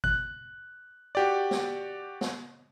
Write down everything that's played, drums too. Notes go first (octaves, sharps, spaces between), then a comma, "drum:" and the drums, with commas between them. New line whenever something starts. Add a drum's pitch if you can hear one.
F#6, drum: kick G#1
F#4 G4 D5
drum: snare
drum: snare